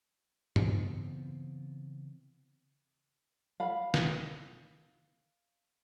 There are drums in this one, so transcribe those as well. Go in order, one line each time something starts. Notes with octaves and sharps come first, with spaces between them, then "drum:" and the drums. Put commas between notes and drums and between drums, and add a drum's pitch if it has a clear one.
C#3 E3 B3 C4, drum: tom G2
F5 B5
drum: snare